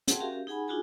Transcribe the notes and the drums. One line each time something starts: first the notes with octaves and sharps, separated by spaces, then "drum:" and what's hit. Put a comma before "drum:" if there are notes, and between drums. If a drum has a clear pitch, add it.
G#4 F#5 G5 A5 C6, drum: hi-hat
C#4 F#4 G4 A#4 E5 F5
G4
D#4 G#4 F#5 G#5 B5
D4 D#4 F4 F#4 G#4 G#5